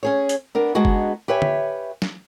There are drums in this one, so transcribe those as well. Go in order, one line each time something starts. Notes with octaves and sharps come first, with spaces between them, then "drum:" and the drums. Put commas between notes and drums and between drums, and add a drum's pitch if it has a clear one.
C#4 G#4 C#5
drum: hi-hat
B3 D4 A#4
G#3 B3 D4 D#4 F#4 G#4
drum: kick
G4 B4 C#5 E5 G#5
drum: tom D3
drum: snare